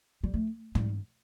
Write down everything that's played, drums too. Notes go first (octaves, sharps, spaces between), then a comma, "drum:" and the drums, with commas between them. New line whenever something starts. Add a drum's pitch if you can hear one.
G3
A3
G3, drum: tom